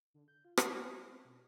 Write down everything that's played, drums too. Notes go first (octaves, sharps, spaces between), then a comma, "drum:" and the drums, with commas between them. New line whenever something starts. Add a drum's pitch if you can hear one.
D3
G6
F4
A#4, drum: rim click
G#5
G#3
C4
B2